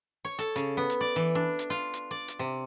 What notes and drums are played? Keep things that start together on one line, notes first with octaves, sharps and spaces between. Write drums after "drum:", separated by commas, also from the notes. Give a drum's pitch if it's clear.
C#5
A4, drum: hi-hat
C#3, drum: hi-hat
B3
drum: hi-hat
D5
E3
D4
drum: hi-hat
F4
drum: hi-hat
D5
drum: hi-hat
C3